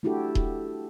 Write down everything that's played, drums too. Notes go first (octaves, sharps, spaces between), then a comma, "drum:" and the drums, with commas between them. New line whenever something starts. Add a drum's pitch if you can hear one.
A3 D4 E4 F#4 G4 A4
drum: kick D#1